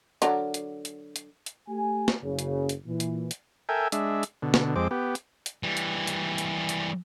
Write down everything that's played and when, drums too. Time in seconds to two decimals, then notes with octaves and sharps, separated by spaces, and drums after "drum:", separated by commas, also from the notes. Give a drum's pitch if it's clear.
0.22 D3 F#3 A#4, drum: hi-hat
0.54 drum: hi-hat
0.85 drum: hi-hat
1.16 drum: hi-hat
1.46 drum: hi-hat
1.69 A3 G4 G#5
2.08 drum: snare
2.23 F#1 F#2 C#3
2.39 drum: hi-hat
2.69 drum: hi-hat
2.86 A#2 E3
3.00 drum: hi-hat
3.31 drum: hi-hat
3.69 A4 A#4 E5 G5 G#5
3.92 G#3 D4 E5, drum: hi-hat
4.23 drum: hi-hat
4.42 B2 D3
4.54 drum: snare
4.76 F2 G#3 C4 D6
4.91 B3 G4
5.15 drum: hi-hat
5.46 drum: hi-hat
5.63 E3 G3
5.77 drum: hi-hat
6.07 drum: hi-hat
6.38 drum: hi-hat
6.69 drum: hi-hat